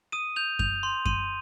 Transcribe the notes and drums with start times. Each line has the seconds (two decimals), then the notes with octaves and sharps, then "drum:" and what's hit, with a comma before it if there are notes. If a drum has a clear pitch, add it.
0.12 D#6 D#7
0.36 G6 F7
0.59 G6 F7, drum: kick F#2
0.83 C6
1.05 C6 D#7, drum: kick F#2